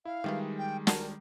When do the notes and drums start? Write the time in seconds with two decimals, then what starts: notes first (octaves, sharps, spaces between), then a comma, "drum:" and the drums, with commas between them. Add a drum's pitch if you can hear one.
0.05 E4 F5
0.24 D#3 E3 G3 G#3 F4 B4
0.58 G5
0.87 F#4 A#4 D5 A5, drum: snare